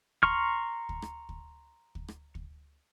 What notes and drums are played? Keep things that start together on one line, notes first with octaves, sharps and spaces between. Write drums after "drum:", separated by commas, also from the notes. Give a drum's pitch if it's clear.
A#5 C6 C#6 F6, drum: kick
drum: kick
drum: rim click
drum: kick
drum: kick
drum: rim click
drum: kick